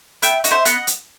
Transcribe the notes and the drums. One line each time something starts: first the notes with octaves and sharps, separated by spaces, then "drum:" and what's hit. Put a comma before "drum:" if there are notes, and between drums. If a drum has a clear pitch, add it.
B3 E5 G5, drum: hi-hat
D#4 F#4, drum: hi-hat
C5 E5
B3 D#5 F#5, drum: hi-hat
drum: hi-hat